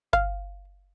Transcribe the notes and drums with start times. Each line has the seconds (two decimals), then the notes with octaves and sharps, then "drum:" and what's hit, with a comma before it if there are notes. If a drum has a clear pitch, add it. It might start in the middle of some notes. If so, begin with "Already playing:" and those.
0.13 F5, drum: kick G1